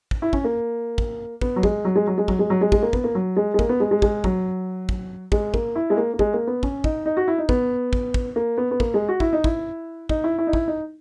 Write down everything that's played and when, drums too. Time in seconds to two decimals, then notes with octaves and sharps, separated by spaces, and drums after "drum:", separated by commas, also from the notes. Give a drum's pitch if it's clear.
0.11 drum: kick
0.22 E4
0.33 C#4, drum: kick
0.44 A#3
0.98 drum: kick
1.41 B3, drum: kick
1.56 F#3
1.63 G#3, drum: kick
1.85 F#3
1.96 G#3
2.07 F#3
2.18 G#3
2.28 F#3, drum: kick
2.39 G#3
2.50 F#3
2.61 G#3
2.72 G#3, drum: kick
2.82 A#3
2.93 B3, drum: kick
3.04 A#3
3.15 F#3
3.37 G#3
3.54 G#3
3.59 A#3, drum: kick
3.69 B3
3.80 G#3
3.91 G#3
4.02 G#3, drum: kick
4.24 F#3, drum: kick
4.89 drum: kick
5.32 G#3, drum: kick
5.54 A#3, drum: kick
5.76 E4
5.90 G#3
5.97 A#3
6.14 A#3
6.19 G#3, drum: kick
6.34 A#3
6.47 B3
6.63 C#4, drum: kick
6.84 D#4, drum: kick
7.06 D#4
7.17 F#4
7.28 E4
7.38 D#4
7.49 B3, drum: kick
7.93 drum: kick
8.14 drum: kick
8.36 A#3
8.58 B3
8.71 B3
8.80 A#3, drum: kick
8.94 G#3
9.09 F#4
9.20 E4, drum: kick
9.33 D#4
9.44 E4, drum: kick
10.09 D#4, drum: kick
10.24 E4
10.38 E4
10.47 D#4
10.53 E4, drum: kick
10.68 D#4